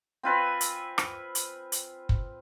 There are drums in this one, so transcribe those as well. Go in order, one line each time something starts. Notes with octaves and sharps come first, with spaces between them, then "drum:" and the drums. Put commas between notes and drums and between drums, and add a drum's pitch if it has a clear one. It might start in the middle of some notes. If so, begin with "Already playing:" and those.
C4 F4 B4 G#5
drum: hi-hat
drum: rim click
drum: hi-hat
drum: hi-hat
drum: kick